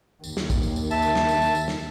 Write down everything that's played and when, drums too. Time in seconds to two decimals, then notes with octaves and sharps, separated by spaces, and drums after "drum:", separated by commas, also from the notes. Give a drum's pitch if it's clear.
0.24 D#2, drum: tambourine
0.37 drum: snare
0.50 drum: kick, tambourine
0.63 drum: tambourine
0.76 drum: tambourine
0.91 E5 A5, drum: tambourine
1.02 drum: tambourine
1.15 drum: snare
1.29 drum: tambourine
1.42 drum: tambourine
1.55 drum: tambourine
1.68 drum: snare